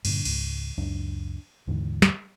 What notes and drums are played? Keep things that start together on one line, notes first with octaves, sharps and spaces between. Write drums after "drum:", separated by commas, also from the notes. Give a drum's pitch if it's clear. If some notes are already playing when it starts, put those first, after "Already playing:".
G2 A#2 D3, drum: cymbal
C#2 G#2, drum: cymbal
C#2 F#2 D4
D#2 G#2 D3 E3
drum: snare